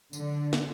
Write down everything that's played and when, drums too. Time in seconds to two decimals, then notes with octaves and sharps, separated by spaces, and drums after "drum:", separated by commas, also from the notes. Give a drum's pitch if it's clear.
0.13 D3, drum: tambourine
0.53 drum: snare